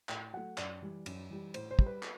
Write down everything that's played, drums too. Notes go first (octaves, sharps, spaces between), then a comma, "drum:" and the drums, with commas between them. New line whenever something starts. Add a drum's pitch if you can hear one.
A2 G5, drum: clap
F#3 A3 F#5
F#2 D5, drum: clap
E3 G3
F#2, drum: cymbal
E3 G3
A2 C5, drum: cymbal
C5
G3, drum: kick
B4
drum: clap